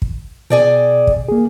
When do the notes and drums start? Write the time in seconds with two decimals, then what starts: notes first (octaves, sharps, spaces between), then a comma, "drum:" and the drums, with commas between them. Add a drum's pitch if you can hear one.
0.02 drum: kick
0.50 B2 G#4 D5 G5
1.07 drum: kick
1.28 A#3 G#4